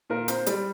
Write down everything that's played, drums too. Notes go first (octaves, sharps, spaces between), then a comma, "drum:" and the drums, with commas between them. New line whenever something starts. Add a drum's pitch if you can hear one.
A#2 A#4
C4 C5, drum: hi-hat
G3 D5, drum: hi-hat